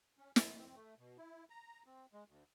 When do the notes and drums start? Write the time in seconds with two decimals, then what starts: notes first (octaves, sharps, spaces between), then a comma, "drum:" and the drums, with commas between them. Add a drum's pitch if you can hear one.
0.18 C#4
0.36 G#5, drum: snare
0.59 C4
0.75 A3
0.98 B2
1.18 E4
1.50 A#5
1.86 C4
2.13 G#3
2.28 D2